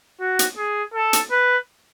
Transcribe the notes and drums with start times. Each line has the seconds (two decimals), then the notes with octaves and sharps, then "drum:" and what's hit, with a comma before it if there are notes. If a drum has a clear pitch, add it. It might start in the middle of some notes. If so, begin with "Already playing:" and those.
0.21 F#4
0.39 drum: hi-hat
0.57 G#4
0.94 A4
1.13 drum: hi-hat
1.32 B4